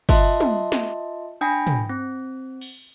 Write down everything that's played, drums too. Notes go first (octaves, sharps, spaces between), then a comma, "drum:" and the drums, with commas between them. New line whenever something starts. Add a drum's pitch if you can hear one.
F4 D#5 E5 A5 C6, drum: kick, cymbal
drum: tom
drum: snare
D4 G5 G#5 B5 A#6
drum: tom
C4
drum: cymbal